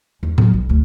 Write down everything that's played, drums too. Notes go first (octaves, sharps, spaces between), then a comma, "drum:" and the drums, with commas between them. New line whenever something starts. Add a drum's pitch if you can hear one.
E2
F#3, drum: tom A2
B1
D2